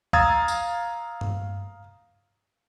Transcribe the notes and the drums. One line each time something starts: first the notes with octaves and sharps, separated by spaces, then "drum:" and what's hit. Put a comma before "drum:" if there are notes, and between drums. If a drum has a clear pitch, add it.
F5 A#5 D#6 E6 G#6 A6, drum: kick
drum: tambourine
drum: tom G2